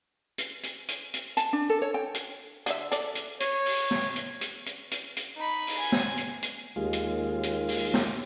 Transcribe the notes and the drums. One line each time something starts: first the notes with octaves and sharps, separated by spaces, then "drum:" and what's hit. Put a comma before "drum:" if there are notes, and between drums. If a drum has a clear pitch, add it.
drum: hi-hat
drum: hi-hat
drum: hi-hat
drum: hi-hat
A5, drum: hi-hat
D4
A4
C#5
G5
drum: hi-hat
D3 F#4 E5, drum: hi-hat
A4 D5, drum: hi-hat
drum: hi-hat
C#5, drum: hi-hat
drum: open hi-hat
drum: snare
drum: hi-hat
drum: hi-hat
drum: hi-hat
drum: hi-hat
drum: hi-hat
D#4 B5
drum: open hi-hat
G#5
drum: snare
drum: hi-hat
drum: hi-hat
D#2 G#3 F4
drum: hi-hat
drum: hi-hat
drum: open hi-hat
drum: snare